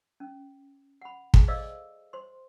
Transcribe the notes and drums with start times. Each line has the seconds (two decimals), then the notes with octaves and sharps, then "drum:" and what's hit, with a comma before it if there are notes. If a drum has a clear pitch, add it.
0.20 C#4
1.02 F#5 B5
1.34 G#4 A4 G#5, drum: kick
1.48 C5 D5 D#5 F5 D6 E6
2.13 C5 C6